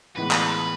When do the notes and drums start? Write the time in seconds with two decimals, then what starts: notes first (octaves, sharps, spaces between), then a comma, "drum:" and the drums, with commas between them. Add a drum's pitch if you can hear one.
0.16 A2 E3 G#3 B3 B4
0.31 drum: clap